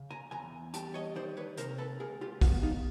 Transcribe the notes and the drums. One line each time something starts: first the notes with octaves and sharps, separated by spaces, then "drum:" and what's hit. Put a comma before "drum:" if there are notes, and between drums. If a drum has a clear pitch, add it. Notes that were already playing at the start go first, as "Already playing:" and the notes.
Already playing: C#3
G#5 A#5
E2 G#5 A#5
G3 G5 A5, drum: hi-hat
C#5 D#5
D#3 C5 D5
B4 C#5
C3 A#4 C5, drum: hi-hat
A4 B4
C#2 G#4 A#4
F4 G4
B3 F4 G4, drum: kick A1, open hi-hat
D#4 F4